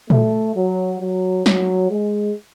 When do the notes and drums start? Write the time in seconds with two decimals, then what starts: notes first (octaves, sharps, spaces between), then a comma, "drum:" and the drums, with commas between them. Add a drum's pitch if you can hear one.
0.10 A3, drum: tom A#2
0.55 F#3
1.01 F#3
1.46 F#3, drum: snare
1.91 G#3